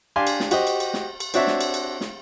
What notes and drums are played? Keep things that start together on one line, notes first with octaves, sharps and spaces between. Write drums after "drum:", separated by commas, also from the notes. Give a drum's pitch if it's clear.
D4 G4 F5 G#5 C6
drum: cymbal
drum: snare
F#4 G4 C5 D#5, drum: cymbal
drum: cymbal
drum: cymbal
drum: snare
drum: cymbal
C4 D4 F#4 C#5 E5, drum: cymbal
drum: snare
drum: cymbal
drum: cymbal
drum: snare